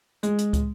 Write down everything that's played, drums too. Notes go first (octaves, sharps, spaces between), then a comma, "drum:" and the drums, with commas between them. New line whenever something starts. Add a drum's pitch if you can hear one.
G#3, drum: hi-hat
drum: hi-hat
drum: kick, hi-hat